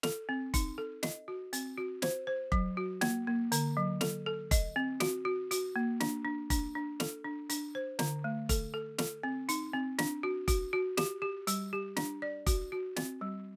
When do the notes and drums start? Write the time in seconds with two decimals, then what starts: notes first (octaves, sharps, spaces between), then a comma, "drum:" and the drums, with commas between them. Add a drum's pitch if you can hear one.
0.03 A4, drum: snare
0.29 C4
0.54 D#4, drum: kick F1, hi-hat
0.78 A4
1.03 D#5, drum: snare
1.28 F#4
1.53 C4, drum: hi-hat
1.78 F#4
2.02 C5, drum: snare
2.27 C5
2.52 F#3, drum: kick F1
2.77 F#4
3.01 A#3, drum: snare
3.27 A#3
3.52 D3, drum: hi-hat
3.77 F#3
4.01 A4, drum: snare
4.26 A4
4.51 D#5, drum: kick F1, hi-hat
4.76 C4
5.00 F#4, drum: snare
5.25 F#4
5.51 F#4, drum: hi-hat
5.76 A#3
6.00 D4, drum: snare
6.25 D4
6.50 D4, drum: kick F1, hi-hat
6.75 D4
7.00 A4, drum: snare
7.25 D4
7.50 D4, drum: hi-hat
7.75 C5
7.99 D3, drum: snare
8.24 A3
8.49 A4, drum: kick F1, hi-hat
8.74 A4
8.98 A4, drum: snare
9.23 C4
9.49 D#4, drum: hi-hat
9.74 C4
9.99 D4, drum: snare
10.23 F#4
10.48 F#4, drum: kick F1, hi-hat
10.73 F#4
10.97 G4, drum: snare
11.22 G4
11.47 G3, drum: hi-hat
11.73 G4
11.97 D4, drum: snare
12.22 D5
12.46 F#4, drum: kick F1, hi-hat
12.72 F#4
12.96 C4, drum: snare
13.21 G3